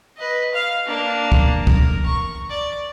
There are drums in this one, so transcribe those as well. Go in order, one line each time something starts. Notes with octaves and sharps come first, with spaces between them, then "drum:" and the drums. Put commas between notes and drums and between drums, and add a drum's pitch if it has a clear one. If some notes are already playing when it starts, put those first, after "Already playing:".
B4 D#5
F5 F6
A#3 D4
drum: kick
A#4, drum: kick
C#6
D5